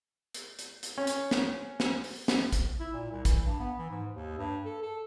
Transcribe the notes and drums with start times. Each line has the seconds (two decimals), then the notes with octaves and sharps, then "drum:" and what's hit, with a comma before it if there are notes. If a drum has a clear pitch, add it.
0.34 drum: hi-hat
0.59 drum: hi-hat
0.83 drum: hi-hat
0.98 C#4
1.07 drum: hi-hat
1.31 drum: snare
1.80 drum: snare
2.04 drum: open hi-hat
2.28 drum: snare
2.52 drum: kick, hi-hat
2.80 E4
2.94 A#2
3.11 C2
3.25 E3, drum: kick, hi-hat
3.44 G2
3.60 B3
3.78 E3
3.90 G#2
4.14 D#2
4.38 G2
4.65 A4
4.83 A4